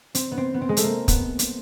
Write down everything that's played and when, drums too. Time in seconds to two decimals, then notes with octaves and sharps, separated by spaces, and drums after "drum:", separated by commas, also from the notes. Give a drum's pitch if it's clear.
0.15 C4, drum: hi-hat
0.32 B3
0.38 C4
0.54 B3
0.61 C4
0.69 G#3
0.77 A3, drum: hi-hat
0.84 A#3
1.08 B3, drum: kick, hi-hat
1.39 drum: hi-hat